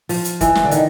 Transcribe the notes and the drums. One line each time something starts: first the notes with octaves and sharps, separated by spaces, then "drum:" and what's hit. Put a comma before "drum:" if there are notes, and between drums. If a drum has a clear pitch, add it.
F3, drum: open hi-hat
drum: hi-hat
E3, drum: kick, hi-hat
drum: snare
D3
D#3, drum: hi-hat